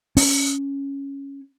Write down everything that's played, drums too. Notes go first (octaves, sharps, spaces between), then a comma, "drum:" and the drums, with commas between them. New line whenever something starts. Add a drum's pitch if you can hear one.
C#4, drum: open hi-hat